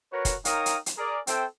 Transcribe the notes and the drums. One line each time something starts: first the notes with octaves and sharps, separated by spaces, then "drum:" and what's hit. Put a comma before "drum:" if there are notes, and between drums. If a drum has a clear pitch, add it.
F#4 A#4 B4 C#5
drum: kick, hi-hat
D#4 A#4 C#5 F5 G5 D#6, drum: hi-hat
drum: hi-hat
drum: hi-hat
G#4 A#4 D5
C4 A4 C5 E5 G5, drum: hi-hat